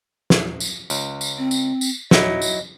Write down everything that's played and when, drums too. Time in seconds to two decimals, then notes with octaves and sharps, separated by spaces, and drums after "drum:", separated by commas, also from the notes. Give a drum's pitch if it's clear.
0.30 drum: snare
0.60 drum: tambourine
0.90 C#2, drum: tambourine
1.21 drum: tambourine
1.38 C4
1.51 drum: tambourine
1.81 drum: tambourine
2.11 F#3 D#4 E4 D#5, drum: snare
2.42 drum: tambourine